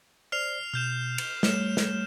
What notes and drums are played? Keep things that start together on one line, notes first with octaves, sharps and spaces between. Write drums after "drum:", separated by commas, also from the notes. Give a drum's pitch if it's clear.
C5 D5 F6 C7 F7
B2 F6 G6 E7
drum: cymbal
G3 A3 C#5 F6 E7, drum: snare
drum: snare